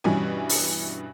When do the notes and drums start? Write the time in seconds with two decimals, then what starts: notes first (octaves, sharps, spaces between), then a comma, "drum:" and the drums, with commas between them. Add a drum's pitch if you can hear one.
0.04 G2 B2 E3 G3 C#4 G#5
0.49 drum: open hi-hat